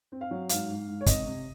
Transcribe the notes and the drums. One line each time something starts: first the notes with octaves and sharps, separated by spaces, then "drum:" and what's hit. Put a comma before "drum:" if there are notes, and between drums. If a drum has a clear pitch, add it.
C4
F5
F#3
G#2 F5, drum: hi-hat
G#2
G#2
C#5
C3 D#5, drum: kick, hi-hat
C3